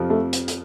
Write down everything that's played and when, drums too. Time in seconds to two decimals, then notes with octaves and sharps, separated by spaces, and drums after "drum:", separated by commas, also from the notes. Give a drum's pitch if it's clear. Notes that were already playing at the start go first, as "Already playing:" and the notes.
Already playing: F2 C3 F3
0.10 A3
0.33 drum: hi-hat
0.48 drum: hi-hat